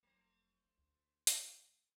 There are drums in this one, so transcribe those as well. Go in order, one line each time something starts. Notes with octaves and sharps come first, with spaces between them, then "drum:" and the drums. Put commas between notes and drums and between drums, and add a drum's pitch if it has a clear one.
F1 F#3 A3 C5
G3
D2
drum: hi-hat